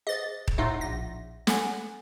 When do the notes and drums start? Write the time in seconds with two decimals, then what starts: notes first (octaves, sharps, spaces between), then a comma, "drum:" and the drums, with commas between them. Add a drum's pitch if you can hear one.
0.07 G#4 C5 D#5 A6
0.48 drum: kick D#1
0.58 A2 D#4 F4 E5 F#5
0.81 A#1 A#6
1.47 A4 F#5 G#5, drum: snare